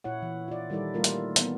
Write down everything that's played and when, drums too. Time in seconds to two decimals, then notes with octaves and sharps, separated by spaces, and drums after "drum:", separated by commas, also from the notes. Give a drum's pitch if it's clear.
0.04 A#2 E4 C#5 F#5
0.22 E3
0.48 F4 D5
0.70 D#3 G3 D#4 E4 A4 D5
0.94 G3 A3 A#3 F4 A4 A#4
1.04 drum: hi-hat
1.36 E3 A#3 B3, drum: hi-hat